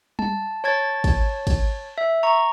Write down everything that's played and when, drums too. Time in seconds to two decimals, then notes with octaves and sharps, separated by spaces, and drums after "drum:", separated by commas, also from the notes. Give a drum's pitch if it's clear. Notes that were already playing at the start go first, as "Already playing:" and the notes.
0.19 A5, drum: tom G3
0.64 C#5 A5 G#6 A6
1.04 drum: kick, cymbal
1.47 drum: kick, cymbal
1.98 E5
2.23 A#5 C#6